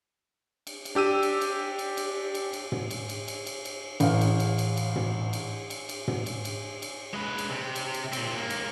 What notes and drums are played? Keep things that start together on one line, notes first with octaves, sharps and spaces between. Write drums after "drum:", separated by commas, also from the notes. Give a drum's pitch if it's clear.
drum: cymbal
drum: cymbal
D4 G4 E6 D#7
drum: cymbal
drum: cymbal
drum: cymbal
drum: cymbal
drum: cymbal
drum: cymbal
drum: tom
drum: cymbal
drum: cymbal
drum: cymbal
drum: cymbal
drum: cymbal
A1 F5, drum: cymbal
drum: cymbal
drum: cymbal
drum: cymbal
drum: cymbal
drum: tom
drum: cymbal
drum: cymbal
drum: cymbal
drum: tom
drum: cymbal
drum: cymbal
drum: cymbal
G#3 B4
drum: cymbal
C3
drum: cymbal
drum: cymbal
A#2 C4, drum: cymbal
G#2 A#3
drum: cymbal